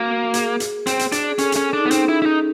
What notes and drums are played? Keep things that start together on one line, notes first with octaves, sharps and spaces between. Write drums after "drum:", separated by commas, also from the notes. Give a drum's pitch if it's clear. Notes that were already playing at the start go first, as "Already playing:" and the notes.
Already playing: A#3 F#4
G#4, drum: hi-hat
drum: hi-hat
C4, drum: hi-hat
drum: hi-hat
D4, drum: hi-hat
G#4
C#4 A4, drum: hi-hat
A4, drum: hi-hat
C#4
A4
D4 D#4
B3
C4 C#4, drum: hi-hat
E4
E4
D#4